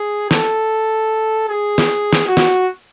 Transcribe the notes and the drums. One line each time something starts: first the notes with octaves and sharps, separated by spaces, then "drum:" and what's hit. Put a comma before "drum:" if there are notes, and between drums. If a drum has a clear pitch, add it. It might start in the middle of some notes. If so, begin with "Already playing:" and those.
Already playing: G#4
A4, drum: snare
G#4
drum: snare
drum: snare
F#4
drum: snare